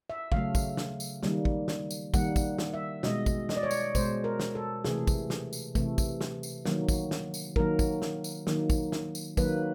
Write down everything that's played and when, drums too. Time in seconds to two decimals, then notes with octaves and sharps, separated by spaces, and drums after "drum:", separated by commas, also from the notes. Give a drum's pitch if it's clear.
0.10 E5
0.32 C#3 F#3 A3 F5, drum: kick
0.55 drum: kick, tambourine
0.77 drum: snare
1.00 drum: tambourine
1.23 D#3 G3 A#3, drum: snare
1.45 drum: kick
1.68 drum: snare
1.91 drum: tambourine
2.14 D#3 G3 A#3 F#5, drum: kick, tambourine
2.36 drum: kick, tambourine
2.58 drum: snare
2.74 E5
3.03 B2 G#3 D#5, drum: snare
3.26 drum: kick, tambourine
3.49 D#5, drum: snare
3.56 D5
3.63 C#5
3.71 D5, drum: tambourine
3.95 B2 G#3 C5, drum: kick, tambourine
4.24 A#4
4.40 drum: snare
4.55 A4
4.84 C3 E3 A3 G#4, drum: snare
5.07 drum: kick, tambourine
5.30 drum: snare
5.53 drum: tambourine
5.75 C3 E3 A3, drum: kick, tambourine
5.98 drum: kick, tambourine
6.21 drum: snare
6.43 drum: tambourine
6.65 D#3 F#3 A#3, drum: snare
6.89 drum: kick, tambourine
7.11 drum: snare
7.34 drum: tambourine
7.56 D#3 F#3 A#3 A#4, drum: kick
7.79 drum: kick, tambourine
8.02 drum: snare
8.24 drum: tambourine
8.47 D#3 F#3 A#3, drum: snare
8.70 drum: kick, tambourine
8.92 drum: snare
9.15 drum: tambourine
9.37 D#3 F#3 A#3 B4, drum: kick, tambourine